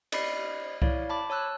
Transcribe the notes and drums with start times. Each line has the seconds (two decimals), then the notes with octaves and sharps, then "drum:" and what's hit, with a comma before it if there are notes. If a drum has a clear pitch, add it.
0.12 D5 D#5 B5 C7, drum: cymbal
0.82 E4 C#5 D5 F5, drum: kick C2
1.10 A5 B5 D6
1.30 C#5 A5 E6 F#6